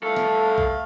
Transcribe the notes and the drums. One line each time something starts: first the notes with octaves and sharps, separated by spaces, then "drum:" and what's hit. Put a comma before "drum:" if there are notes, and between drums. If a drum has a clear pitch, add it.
G2 A3 A4 E5 F5
drum: snare
drum: kick A#1